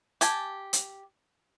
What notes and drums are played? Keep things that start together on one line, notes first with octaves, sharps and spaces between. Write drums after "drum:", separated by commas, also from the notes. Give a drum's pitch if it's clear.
G4 G#5 A5, drum: hi-hat
drum: hi-hat